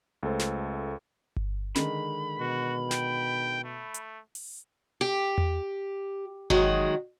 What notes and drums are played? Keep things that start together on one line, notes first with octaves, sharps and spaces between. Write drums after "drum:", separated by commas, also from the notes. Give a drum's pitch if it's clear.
C#2 A3 A4 C5
drum: snare
drum: kick G1
D3 D#3 G#3 B5, drum: snare
B2 F#4
G5, drum: snare
A3
drum: hi-hat
drum: open hi-hat
G4
drum: tom E2
D#3 F#3 G#3 F#4, drum: kick G1